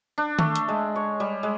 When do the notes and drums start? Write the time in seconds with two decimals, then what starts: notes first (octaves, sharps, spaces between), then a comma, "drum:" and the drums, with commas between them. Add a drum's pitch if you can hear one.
0.18 D4
0.39 A3, drum: tom D#3
0.56 drum: hi-hat
0.68 G#3
0.96 C#5
1.20 G3
1.43 G#3